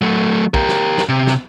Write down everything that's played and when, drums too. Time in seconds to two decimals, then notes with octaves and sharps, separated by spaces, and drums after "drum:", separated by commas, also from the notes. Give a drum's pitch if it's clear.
0.02 F#3 A3
0.54 G4 A#4, drum: kick
0.69 drum: snare
0.98 drum: snare
1.09 C3
1.27 drum: snare